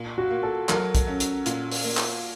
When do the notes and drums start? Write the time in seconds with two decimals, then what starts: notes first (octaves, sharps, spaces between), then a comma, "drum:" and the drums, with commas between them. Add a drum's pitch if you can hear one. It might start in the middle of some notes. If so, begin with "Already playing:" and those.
Already playing: A#2
0.18 F#4
0.30 A#3
0.43 A4
0.69 F#3 A#4, drum: clap
0.95 drum: kick B1, hi-hat
1.08 C#4
1.20 drum: hi-hat
1.46 A#2, drum: hi-hat
1.71 drum: open hi-hat
1.84 A#3
1.97 drum: clap